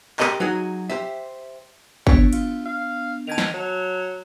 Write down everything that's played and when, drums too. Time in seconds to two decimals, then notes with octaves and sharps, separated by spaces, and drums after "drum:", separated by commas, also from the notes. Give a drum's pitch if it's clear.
0.20 G4 A#4 D#5, drum: clap
0.40 F#3 D#4 F#4 G#4
0.90 G4 C5 E5
2.07 B3 D4 C#5, drum: kick G1
2.33 F4, drum: hi-hat
2.66 F5
3.27 D#3 A5 G#6 F7
3.38 drum: snare
3.54 F#3